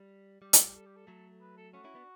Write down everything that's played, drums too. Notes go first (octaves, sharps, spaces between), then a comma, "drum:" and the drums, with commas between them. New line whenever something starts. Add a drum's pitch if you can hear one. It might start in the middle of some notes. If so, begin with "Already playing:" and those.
Already playing: G3
G3 G4
A4, drum: hi-hat
G4
A4
G4
A4
F#3 A3
B4
A4
A3 C#4 F#4
C#4 E4
B3 D4